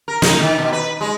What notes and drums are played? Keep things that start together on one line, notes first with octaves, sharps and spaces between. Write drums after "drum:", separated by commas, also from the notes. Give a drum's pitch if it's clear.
A#4
D#4, drum: snare
D#3
B2
B4
G#3